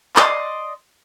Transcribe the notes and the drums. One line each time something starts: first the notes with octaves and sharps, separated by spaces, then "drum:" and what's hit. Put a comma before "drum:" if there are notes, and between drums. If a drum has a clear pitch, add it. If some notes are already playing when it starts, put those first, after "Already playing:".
D5 D#5 C6, drum: clap